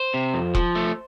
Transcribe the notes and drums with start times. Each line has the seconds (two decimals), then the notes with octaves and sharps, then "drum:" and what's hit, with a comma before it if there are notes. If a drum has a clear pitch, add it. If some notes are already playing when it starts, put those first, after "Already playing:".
Already playing: C5
0.14 C3
0.34 F2
0.55 F3, drum: kick E1
0.75 A3